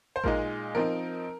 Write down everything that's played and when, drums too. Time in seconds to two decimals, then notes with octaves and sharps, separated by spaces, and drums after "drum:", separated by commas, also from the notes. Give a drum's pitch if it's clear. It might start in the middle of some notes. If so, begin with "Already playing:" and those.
0.16 C5
0.24 A#2 G#3 D#4 A#4, drum: kick A1
0.75 F3 C4 D#4 A#4